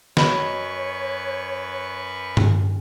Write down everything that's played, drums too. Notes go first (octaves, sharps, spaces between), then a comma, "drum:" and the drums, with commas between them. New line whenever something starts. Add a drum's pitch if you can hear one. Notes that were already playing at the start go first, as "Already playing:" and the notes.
F#2 F#4 B4 C#5 D#5 B5 C#6, drum: snare
drum: tom G2